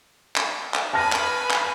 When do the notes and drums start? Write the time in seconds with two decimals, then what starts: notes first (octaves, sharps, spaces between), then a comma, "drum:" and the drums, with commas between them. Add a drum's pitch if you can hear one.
0.36 drum: clap
0.74 drum: clap
0.93 B4 G#5 A5 B5 F6 A#6
1.13 drum: clap
1.51 drum: clap